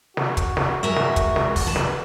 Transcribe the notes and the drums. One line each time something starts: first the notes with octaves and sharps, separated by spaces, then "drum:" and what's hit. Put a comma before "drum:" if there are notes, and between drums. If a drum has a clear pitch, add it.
F#4, drum: snare
drum: kick, hi-hat
drum: snare
G#3 A#4 E5
drum: snare
drum: kick, hi-hat
drum: snare
drum: kick, open hi-hat
B4 A5
drum: snare